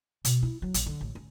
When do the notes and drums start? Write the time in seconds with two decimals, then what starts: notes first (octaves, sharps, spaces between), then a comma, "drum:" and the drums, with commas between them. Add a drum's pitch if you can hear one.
0.25 B2, drum: hi-hat
0.43 E4
0.62 F#3
0.74 A#1, drum: hi-hat
0.86 D3
1.01 A1
1.15 C#4